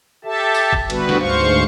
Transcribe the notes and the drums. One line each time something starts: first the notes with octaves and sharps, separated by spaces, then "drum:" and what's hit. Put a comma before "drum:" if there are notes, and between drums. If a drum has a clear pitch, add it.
G4 A4 E5 A5
drum: tambourine
drum: kick
D3 G3 B3 F#4 B4, drum: cymbal
drum: snare
D2 G#2 C5 F5 C#6